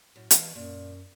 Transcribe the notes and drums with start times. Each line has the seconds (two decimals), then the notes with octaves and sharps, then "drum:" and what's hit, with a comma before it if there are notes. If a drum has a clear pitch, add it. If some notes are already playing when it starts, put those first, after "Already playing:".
0.16 F#2 A2
0.31 E3 D#5 F5 A5, drum: hi-hat
0.55 F#2 A#2